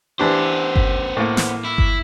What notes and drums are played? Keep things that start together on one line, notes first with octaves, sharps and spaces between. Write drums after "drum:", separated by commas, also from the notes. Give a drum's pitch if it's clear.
E3 B3 D4 G4 C5
drum: kick G1
A2 A#3
drum: snare
E4
drum: kick G1